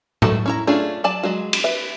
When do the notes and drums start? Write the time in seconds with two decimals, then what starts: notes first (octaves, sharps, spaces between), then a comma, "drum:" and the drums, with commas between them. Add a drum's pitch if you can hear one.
0.22 A3 F#4 A4, drum: tom
0.46 C#4 E4 A#5
0.67 A3 C#4 D4 F4 G#4
1.04 F#3 D5 G#5 A5
1.23 F#3 G#3 F#4
1.53 drum: cymbal
1.64 B4 E5